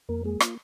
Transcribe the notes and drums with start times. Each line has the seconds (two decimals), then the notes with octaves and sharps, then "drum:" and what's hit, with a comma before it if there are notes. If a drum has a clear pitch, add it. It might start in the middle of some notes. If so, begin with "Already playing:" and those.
0.09 F2 A#3 A#4
0.24 G#3 A#3 G#4
0.40 F4, drum: rim click